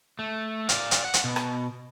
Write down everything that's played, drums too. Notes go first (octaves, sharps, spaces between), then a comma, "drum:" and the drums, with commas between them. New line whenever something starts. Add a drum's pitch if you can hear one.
A3
D5 F5, drum: hi-hat
drum: hi-hat
F#5
drum: hi-hat
B2
drum: rim click